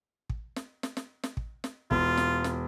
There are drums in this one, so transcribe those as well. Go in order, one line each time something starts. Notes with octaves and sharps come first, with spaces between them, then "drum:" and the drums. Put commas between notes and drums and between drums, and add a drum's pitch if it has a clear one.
drum: kick
drum: snare
drum: snare
drum: snare
drum: snare
drum: kick
drum: snare
E1 F4, drum: kick
drum: snare
drum: snare